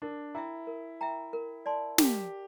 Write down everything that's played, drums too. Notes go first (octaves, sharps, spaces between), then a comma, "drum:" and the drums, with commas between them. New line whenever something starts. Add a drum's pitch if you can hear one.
D4 A#4
E4 E5 G5 A#5
A#4
E5 G5 A#5
A#4
D5 A5 C6
G4 A#4, drum: snare